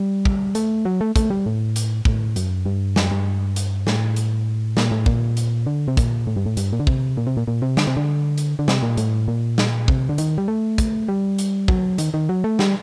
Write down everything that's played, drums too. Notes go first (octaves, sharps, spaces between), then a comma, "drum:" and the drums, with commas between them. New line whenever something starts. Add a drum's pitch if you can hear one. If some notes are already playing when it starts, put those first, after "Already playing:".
Already playing: G3
drum: kick
A3, drum: hi-hat
F#3
A3
A3, drum: kick, hi-hat
G3
A2
drum: hi-hat
A2, drum: kick
F#2, drum: hi-hat
G2
F#2, drum: snare
G2
drum: hi-hat
A2, drum: snare
drum: hi-hat
A#2, drum: snare
A2
A#2, drum: kick
drum: hi-hat
D3
C3
A#2, drum: kick, hi-hat
A2
G2
A2
G2, drum: hi-hat
A#2
D3
C3, drum: kick
A#2
C3
A#2
A#2
C3
D3, drum: snare
C3
D3
drum: hi-hat
D3
C3, drum: snare
A#2
A2, drum: hi-hat
A#2
drum: snare
C3, drum: kick
D3
D#3, drum: hi-hat
G3
A3
drum: kick, hi-hat
G3
drum: hi-hat
F#3, drum: kick
D#3, drum: hi-hat
D#3
F#3
A3
G3, drum: snare